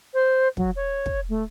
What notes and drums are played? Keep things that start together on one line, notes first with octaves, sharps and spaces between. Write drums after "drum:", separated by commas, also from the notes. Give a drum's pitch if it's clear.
C5
F#3, drum: kick
C#5
drum: kick
A3